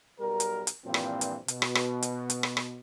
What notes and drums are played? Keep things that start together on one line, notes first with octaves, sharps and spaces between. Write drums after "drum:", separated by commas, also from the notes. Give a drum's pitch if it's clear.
B1 G3 A#4
drum: hi-hat
drum: hi-hat
G2 A#2 E3 F3 C4
drum: rim click
drum: hi-hat
B2, drum: hi-hat
drum: rim click
drum: rim click
drum: hi-hat
drum: hi-hat
drum: rim click
drum: rim click